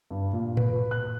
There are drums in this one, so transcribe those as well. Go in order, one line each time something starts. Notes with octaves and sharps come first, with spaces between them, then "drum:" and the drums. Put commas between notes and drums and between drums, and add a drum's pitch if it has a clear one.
G2
A#2
B4, drum: tom A2
F#6